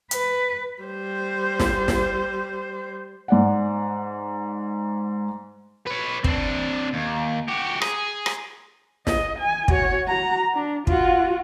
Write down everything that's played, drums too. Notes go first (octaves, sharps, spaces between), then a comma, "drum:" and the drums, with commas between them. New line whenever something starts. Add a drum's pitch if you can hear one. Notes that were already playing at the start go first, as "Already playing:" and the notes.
B4, drum: hi-hat
G3 C5
drum: snare
drum: snare
G#2 D5 F#5
B4 C#5
C4 D4, drum: kick
D#2
F#4 G4
G#4, drum: rim click
drum: rim click
D#5, drum: snare
G#5
F#4 C#5, drum: kick
F#4 A#5
D4
F4 F#4, drum: kick